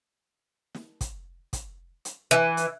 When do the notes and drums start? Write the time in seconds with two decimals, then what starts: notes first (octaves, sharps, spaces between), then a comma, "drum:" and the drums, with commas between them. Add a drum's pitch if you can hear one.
0.75 drum: snare
1.01 drum: kick, hi-hat
1.53 drum: kick, hi-hat
2.05 drum: hi-hat
2.31 E3
2.57 drum: hi-hat